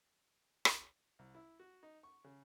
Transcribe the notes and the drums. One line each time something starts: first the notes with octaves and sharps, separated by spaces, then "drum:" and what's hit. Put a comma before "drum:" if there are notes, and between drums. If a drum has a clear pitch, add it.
drum: rim click
C2
E4
F#4
D#4
C#6
C#3